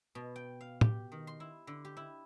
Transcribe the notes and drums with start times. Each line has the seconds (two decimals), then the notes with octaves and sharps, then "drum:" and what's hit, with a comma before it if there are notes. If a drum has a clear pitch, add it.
0.15 B2
0.36 G5
0.61 F5
0.81 G4, drum: tom
1.12 D#3
1.27 C6
1.40 E4
1.67 D3
1.85 G4
1.97 E4